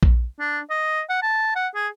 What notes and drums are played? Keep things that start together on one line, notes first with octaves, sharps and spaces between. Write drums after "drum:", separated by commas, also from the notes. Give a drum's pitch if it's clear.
drum: kick A#1
D4
D#5
F#5
A5
F#5
G#4